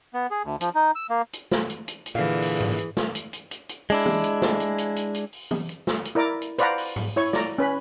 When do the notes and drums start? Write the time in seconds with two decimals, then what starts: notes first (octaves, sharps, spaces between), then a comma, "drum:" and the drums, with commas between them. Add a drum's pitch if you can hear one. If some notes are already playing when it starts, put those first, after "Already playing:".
0.14 B3
0.31 G#4
0.44 D2
0.61 F3, drum: hi-hat
0.75 D#4
0.95 E6
1.10 A#3
1.33 drum: hi-hat
1.51 drum: snare
1.70 drum: hi-hat
1.88 drum: hi-hat
2.06 drum: hi-hat
2.15 A#2 D3 E3 G#4 F5
2.42 drum: open hi-hat
2.60 drum: tom G#2
2.79 drum: hi-hat
2.97 drum: snare
3.15 drum: hi-hat
3.33 drum: hi-hat
3.51 drum: hi-hat
3.69 drum: hi-hat
3.90 G#3 D4 E4, drum: open hi-hat
4.06 drum: tom
4.24 drum: hi-hat
4.42 drum: snare
4.60 drum: hi-hat
4.78 drum: hi-hat
4.96 drum: hi-hat
5.15 drum: hi-hat
5.33 drum: open hi-hat
5.51 drum: tom
5.69 drum: hi-hat
5.87 drum: snare
6.05 drum: hi-hat
6.15 E4 A#4 D5 A#5 D6
6.42 drum: hi-hat
6.59 B4 C5 D5 F5 F#5 A#5, drum: hi-hat
6.78 drum: open hi-hat
6.96 drum: tom G#2
7.16 E4 C#5 C#6
7.33 D5 A#5, drum: snare
7.58 C#4 B4 B5